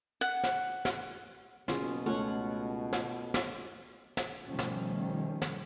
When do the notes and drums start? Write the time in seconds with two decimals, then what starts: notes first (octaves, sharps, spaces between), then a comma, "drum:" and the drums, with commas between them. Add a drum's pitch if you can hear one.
0.21 F#5
0.44 drum: snare
0.85 drum: snare
1.68 F#1 B2 C#4 F4 G#4, drum: snare
2.06 C#2 A3 C#4 F4 C#5 F#5
2.93 drum: snare
3.34 drum: snare
4.17 drum: snare
4.48 B2 D#3 F3 G3 A3 C#4
4.59 drum: snare
5.42 drum: snare